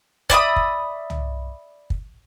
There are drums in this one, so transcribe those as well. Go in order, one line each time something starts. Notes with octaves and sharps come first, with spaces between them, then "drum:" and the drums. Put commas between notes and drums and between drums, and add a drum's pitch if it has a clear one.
D5 E5 B5 D#6, drum: kick
drum: kick
drum: tom
drum: kick